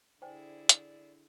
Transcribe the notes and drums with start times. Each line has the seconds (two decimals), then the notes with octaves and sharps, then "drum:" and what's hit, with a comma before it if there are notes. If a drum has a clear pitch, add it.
0.22 D3 E4 G#4 C5 D5 G5 G#5
0.69 drum: hi-hat